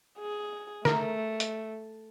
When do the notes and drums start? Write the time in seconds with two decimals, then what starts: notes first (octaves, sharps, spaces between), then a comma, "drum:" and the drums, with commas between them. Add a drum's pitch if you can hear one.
0.19 G#4
0.85 A3 A#4, drum: snare
1.40 drum: hi-hat